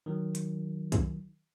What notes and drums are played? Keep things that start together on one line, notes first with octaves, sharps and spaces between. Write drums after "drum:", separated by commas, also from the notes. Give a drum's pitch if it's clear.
D#3 F#3
drum: hi-hat
drum: kick, hi-hat